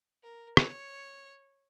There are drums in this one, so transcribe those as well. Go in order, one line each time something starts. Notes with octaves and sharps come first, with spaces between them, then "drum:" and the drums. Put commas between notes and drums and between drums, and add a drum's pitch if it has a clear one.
A#4
C#5, drum: rim click